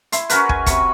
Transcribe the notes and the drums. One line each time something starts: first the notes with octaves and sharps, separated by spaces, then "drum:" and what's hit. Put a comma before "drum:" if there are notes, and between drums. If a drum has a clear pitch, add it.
E4 C6, drum: hi-hat
C#4 F#4 A#4 B4, drum: hi-hat
G#5, drum: kick
C3 B5 C#6, drum: kick, hi-hat